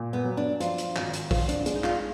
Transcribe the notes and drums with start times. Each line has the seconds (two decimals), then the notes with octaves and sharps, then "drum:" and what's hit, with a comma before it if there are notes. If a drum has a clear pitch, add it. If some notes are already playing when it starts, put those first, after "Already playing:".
Already playing: A#2
0.13 B3
0.25 F#3
0.37 D4
0.60 F3 F4, drum: hi-hat
0.78 drum: hi-hat
0.96 G#1, drum: clap
1.13 drum: hi-hat
1.31 F3 F4, drum: kick, open hi-hat
1.49 D4, drum: hi-hat
1.66 G#3 D4, drum: hi-hat
1.75 D#4
1.84 F4, drum: clap